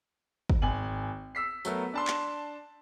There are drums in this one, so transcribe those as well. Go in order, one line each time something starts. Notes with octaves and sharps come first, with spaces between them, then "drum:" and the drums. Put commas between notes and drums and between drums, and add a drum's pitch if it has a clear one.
drum: kick
G#1 G#5 F#7
E6 B6 C7
F#3 A3 B3 A#4, drum: tambourine
D4 A5 C6
drum: clap